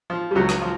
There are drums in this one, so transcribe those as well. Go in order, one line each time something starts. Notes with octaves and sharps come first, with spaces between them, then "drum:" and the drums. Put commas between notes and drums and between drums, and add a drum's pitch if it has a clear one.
F3
G3
C#2 F#3
drum: rim click
F3